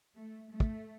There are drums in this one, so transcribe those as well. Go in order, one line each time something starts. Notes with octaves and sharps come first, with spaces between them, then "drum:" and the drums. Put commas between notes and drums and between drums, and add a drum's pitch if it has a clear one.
A3
A3
drum: kick